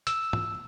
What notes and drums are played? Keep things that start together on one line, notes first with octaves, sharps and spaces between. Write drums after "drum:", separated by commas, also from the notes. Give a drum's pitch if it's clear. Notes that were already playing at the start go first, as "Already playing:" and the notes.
E6, drum: hi-hat
drum: tom